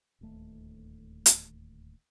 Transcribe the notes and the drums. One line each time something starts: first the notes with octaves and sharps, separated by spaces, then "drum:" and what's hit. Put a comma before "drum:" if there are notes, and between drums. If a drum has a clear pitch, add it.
D1 D#2 A3
drum: hi-hat